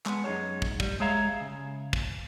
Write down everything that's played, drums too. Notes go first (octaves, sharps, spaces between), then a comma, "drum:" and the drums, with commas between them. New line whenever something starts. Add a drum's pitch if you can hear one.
G#3 B3, drum: clap
F#2 D#4 G#4 A4 C#5
drum: kick
G3, drum: kick
G#3 G#4 C#5 E5 F5 A#5
C#3
drum: kick